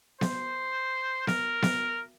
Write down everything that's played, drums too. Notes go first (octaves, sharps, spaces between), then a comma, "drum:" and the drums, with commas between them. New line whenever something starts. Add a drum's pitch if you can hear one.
C5, drum: snare B3
A#4, drum: snare B3
drum: snare B3